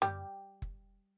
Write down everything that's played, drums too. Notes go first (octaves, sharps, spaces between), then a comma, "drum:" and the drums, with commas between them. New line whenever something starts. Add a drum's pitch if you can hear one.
G3 G4, drum: tom F#2
drum: kick